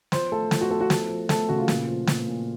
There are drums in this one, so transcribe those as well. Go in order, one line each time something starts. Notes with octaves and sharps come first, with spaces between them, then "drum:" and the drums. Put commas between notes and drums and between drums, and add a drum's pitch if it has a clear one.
F3 C5, drum: snare
A3 A4
F3, drum: snare
F#4
A3 A4
F#4
F3 A4, drum: snare
F3
A3 A4, drum: snare
C#3 F#4
F4
A#2, drum: snare
F3
A#2, drum: snare
A#2